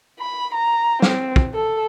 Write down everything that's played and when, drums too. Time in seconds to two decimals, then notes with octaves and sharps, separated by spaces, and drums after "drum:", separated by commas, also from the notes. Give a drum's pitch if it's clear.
0.20 B5
0.54 A#5
1.02 C4, drum: snare
1.36 drum: kick
1.54 A4